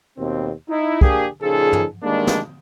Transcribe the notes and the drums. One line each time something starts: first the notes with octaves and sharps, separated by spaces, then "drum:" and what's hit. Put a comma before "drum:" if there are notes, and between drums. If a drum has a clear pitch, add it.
D#2 B2 C4
D#4 E4
A#3 D4 G4 G#4, drum: kick
A#2 C#3 F3 D#4 G#4 A4
drum: tom
E2 D#3 G3 G#3 A#3 D4
drum: snare